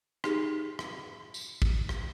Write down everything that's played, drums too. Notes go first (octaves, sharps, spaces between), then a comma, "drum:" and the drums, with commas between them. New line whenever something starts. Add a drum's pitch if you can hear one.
D#4 G4 G#4, drum: rim click
drum: rim click
drum: tambourine
drum: kick
drum: rim click